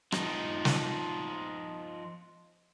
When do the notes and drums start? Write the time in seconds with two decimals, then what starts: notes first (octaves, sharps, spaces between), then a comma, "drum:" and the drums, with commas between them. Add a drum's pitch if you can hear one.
0.12 F3 D#4, drum: rim click
0.65 drum: snare